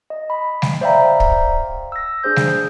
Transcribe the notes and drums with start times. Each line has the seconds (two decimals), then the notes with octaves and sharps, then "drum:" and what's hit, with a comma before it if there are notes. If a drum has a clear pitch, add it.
0.10 D#5
0.30 B5
0.62 drum: snare G3
0.81 C5 D5 E5 F5 G5 A#5
1.20 drum: kick
1.92 E6 A#6
2.23 D4 G#4 C5 G6
2.36 drum: snare G3